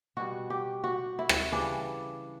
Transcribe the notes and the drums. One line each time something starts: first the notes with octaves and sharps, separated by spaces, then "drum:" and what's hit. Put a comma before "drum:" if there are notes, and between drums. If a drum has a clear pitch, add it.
B2 G3 F#4
G4
F#4
E4
drum: rim click
C#3 E3 G3 D4